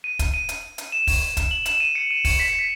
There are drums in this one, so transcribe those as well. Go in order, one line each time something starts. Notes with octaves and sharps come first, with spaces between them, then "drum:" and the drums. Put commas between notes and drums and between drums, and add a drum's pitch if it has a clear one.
D#7
drum: kick, hi-hat
D#7
drum: hi-hat
drum: hi-hat
E7
drum: kick, open hi-hat
drum: kick, hi-hat
F#7
E7, drum: hi-hat
D#7
C#7
D#7
C#7, drum: kick, open hi-hat
B6
C#7
B6